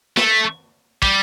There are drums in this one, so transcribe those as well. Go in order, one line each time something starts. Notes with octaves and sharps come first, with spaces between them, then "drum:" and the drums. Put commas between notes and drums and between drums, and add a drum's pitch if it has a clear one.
A3, drum: snare
G3, drum: kick